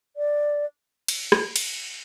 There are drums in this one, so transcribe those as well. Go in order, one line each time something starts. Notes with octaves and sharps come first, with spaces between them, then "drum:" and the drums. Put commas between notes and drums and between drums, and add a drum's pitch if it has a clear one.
D5
drum: cymbal
drum: rim click
drum: cymbal